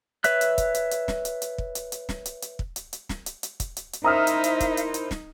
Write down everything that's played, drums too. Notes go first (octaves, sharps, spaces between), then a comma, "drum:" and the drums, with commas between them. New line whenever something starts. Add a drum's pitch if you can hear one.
B4 C#5 E5 F#6, drum: hi-hat
drum: hi-hat
drum: kick, hi-hat
drum: hi-hat
drum: hi-hat
drum: snare
drum: hi-hat
drum: hi-hat
drum: kick
drum: hi-hat
drum: hi-hat
drum: snare
drum: hi-hat
drum: hi-hat
drum: kick
drum: hi-hat
drum: hi-hat
drum: snare
drum: hi-hat
drum: hi-hat
drum: kick, hi-hat
drum: hi-hat
drum: hi-hat
D#4 E4 A#4 C5 E5 A#5 D#6 F6
drum: hi-hat
drum: hi-hat
drum: kick, hi-hat
drum: hi-hat
drum: hi-hat
drum: snare